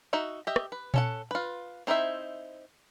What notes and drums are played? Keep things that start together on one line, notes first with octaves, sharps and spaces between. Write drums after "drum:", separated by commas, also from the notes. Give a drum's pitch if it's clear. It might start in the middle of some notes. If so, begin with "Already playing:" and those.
D#4 F#4 E5
G4 D#5 E5
drum: rim click
B4
C#4 A4 F#5, drum: tom A#2
F4 B4
C4 D#4 E4 C5 E5